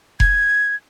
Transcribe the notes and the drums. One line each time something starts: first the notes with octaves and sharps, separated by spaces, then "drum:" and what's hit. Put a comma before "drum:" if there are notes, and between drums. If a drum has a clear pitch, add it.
G#6, drum: kick F1